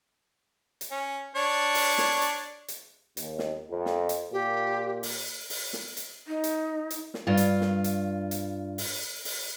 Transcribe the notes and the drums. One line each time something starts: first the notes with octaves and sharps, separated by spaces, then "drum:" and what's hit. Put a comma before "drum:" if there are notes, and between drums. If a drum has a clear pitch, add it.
drum: hi-hat
C#4
D4 C#5
drum: open hi-hat
drum: snare
drum: hi-hat
drum: hi-hat
D#2, drum: hi-hat
drum: snare
F2
drum: snare
drum: hi-hat
A#2 G4
drum: open hi-hat
drum: open hi-hat
drum: snare
drum: hi-hat
D#4
drum: hi-hat
drum: hi-hat
drum: snare
G2 F4
drum: hi-hat
drum: snare
drum: hi-hat
drum: hi-hat
drum: open hi-hat
drum: open hi-hat